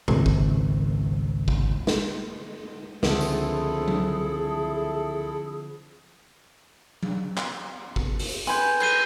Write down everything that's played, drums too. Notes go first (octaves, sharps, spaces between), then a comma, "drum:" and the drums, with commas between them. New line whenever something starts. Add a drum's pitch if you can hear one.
G#1 C#2 D#3 C4, drum: tom A#2
drum: kick G#1
drum: kick G#1
drum: snare
C#2 D3 F3 C4 E4 G#4 A4, drum: snare
drum: tambourine
drum: tom F#3
drum: tom F#3
drum: clap
drum: kick G#1
drum: open hi-hat
B4 G#5 C6 G6, drum: hi-hat
G6 C7 D#7, drum: cymbal